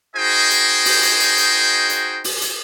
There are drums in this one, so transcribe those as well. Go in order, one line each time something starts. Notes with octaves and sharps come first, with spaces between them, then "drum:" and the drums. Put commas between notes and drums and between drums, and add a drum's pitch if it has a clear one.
D#4 F#4 G#4 C5 D#5 G5
drum: hi-hat
drum: open hi-hat
drum: hi-hat
drum: hi-hat
drum: hi-hat
drum: hi-hat
drum: open hi-hat
drum: hi-hat